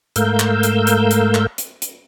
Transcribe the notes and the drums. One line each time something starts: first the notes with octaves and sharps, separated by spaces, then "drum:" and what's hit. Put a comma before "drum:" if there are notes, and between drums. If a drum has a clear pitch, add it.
G#2 A3 A#4 F5 E6 G6, drum: hi-hat
drum: clap
drum: hi-hat
drum: hi-hat
drum: hi-hat
drum: clap
drum: hi-hat
drum: hi-hat